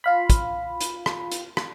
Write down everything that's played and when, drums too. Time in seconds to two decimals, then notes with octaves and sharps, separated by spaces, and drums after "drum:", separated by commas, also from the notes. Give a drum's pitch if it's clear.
0.04 F4 F5 B5
0.30 drum: kick, hi-hat
0.81 drum: hi-hat
1.06 drum: rim click
1.32 drum: hi-hat
1.57 drum: rim click